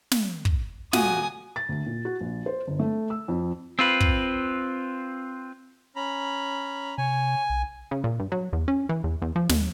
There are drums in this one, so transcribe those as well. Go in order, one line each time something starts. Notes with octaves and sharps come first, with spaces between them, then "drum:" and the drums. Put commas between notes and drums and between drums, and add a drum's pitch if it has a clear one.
drum: snare
drum: kick
D#1 F#4 G#5 D#6 D#7, drum: snare
A6
D2
A#2
F#4
A#1
C5
G1
A3
E6
F2
C4 F4 B4
drum: kick
C#4 A#5 B5
C3 C#5 G#5
B1
C#3
A#2
G2
F#3
E2
C#4
E3
E2
E2
F3
D#2, drum: snare